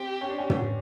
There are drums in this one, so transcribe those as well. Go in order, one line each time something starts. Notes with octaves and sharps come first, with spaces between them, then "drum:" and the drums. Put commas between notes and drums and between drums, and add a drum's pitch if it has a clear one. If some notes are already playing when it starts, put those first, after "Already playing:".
Already playing: C4 G4
C#4
D4
C#4
drum: tom